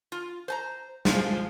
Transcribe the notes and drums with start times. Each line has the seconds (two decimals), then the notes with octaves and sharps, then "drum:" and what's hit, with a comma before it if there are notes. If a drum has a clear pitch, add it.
0.12 F4
0.48 C5 A5 A#5
1.05 F3 G3 G#3 F4, drum: snare